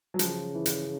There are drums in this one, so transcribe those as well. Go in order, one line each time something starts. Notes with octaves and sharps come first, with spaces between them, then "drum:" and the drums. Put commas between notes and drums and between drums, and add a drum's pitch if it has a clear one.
F#3
C#3 F3, drum: hi-hat
E3
drum: hi-hat